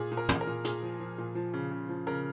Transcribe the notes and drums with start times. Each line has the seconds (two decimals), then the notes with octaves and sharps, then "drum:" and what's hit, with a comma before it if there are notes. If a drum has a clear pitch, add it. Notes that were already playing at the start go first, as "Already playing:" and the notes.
Already playing: A#2 G#4
0.11 A#2
0.17 A#4
0.29 A#2, drum: tom
0.41 A#4
0.47 A#2
0.65 A#2 G#4, drum: hi-hat
0.82 F3
1.00 F3
1.18 A#2
1.35 F3
1.53 C#3
1.71 C#3
1.89 F3
2.07 C#3 A#4